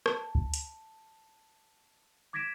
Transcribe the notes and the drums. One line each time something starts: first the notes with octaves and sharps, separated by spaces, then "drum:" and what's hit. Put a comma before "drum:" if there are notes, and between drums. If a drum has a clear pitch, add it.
A5, drum: rim click
drum: kick
drum: hi-hat
D6 G#6 A#6 B6 D7 E7